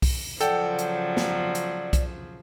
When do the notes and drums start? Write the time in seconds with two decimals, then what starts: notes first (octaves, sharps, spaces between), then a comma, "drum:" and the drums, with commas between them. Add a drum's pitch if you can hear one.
0.02 drum: kick B1, open hi-hat
0.41 C#3 F3 F#3 A4 D5 F#5 G5, drum: hi-hat
0.79 drum: hi-hat
1.17 drum: snare
1.55 drum: hi-hat
1.93 drum: kick B1, hi-hat